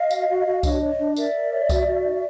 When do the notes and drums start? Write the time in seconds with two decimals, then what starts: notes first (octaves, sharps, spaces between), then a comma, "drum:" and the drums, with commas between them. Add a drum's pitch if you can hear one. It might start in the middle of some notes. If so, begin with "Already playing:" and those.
Already playing: D#5 F5
0.11 F#4, drum: tambourine
0.29 F#4
0.46 F#4
0.63 D4 C#5 D#5, drum: kick C2, tambourine
0.81 C#5
0.99 D4
1.16 A#4 D5 E5, drum: tambourine
1.34 A#4
1.52 C#5
1.69 F#4, drum: kick C2, tambourine
1.87 F#4
2.04 D#4